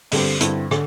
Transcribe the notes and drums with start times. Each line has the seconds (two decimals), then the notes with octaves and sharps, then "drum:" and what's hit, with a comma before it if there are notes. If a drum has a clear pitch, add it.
0.12 G2 D3 G3 C4, drum: open hi-hat
0.41 G2 D3 C4 E4, drum: hi-hat
0.71 D3, drum: rim click